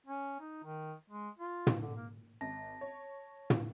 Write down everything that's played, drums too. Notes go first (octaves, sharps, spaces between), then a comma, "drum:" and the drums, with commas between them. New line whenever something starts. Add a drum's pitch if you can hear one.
C#4
D#4
D#3
G#3
F4
drum: tom
D3
A#3
G#1 A5 A#6
C#5
drum: tom